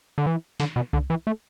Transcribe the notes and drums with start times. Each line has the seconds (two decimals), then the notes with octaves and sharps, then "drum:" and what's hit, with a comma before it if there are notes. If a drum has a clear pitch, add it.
0.18 D3
0.26 E3
0.60 D3, drum: snare
0.76 B2
0.93 D3, drum: kick C2
1.10 E3
1.27 A3